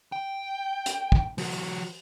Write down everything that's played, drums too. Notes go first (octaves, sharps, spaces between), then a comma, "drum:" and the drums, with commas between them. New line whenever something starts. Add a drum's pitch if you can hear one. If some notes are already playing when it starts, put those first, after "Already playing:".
G5
drum: hi-hat
drum: kick
F3 F#4, drum: open hi-hat